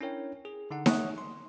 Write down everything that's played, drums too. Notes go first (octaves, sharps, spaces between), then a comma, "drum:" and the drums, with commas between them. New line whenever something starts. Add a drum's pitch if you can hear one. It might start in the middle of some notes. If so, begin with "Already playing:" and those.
C#4 D4 E4 A#4 C#5 G5
G#4
D3 D#4 F#5
C#5 E5 F#5 C#6 D#6 F#6, drum: snare D#4
C6